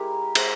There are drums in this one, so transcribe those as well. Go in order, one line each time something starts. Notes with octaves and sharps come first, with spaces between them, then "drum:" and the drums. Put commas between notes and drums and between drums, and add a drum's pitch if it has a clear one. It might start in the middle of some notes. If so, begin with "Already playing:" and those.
Already playing: G#3 E4 G4 A#4
G#3 C5 E5, drum: cymbal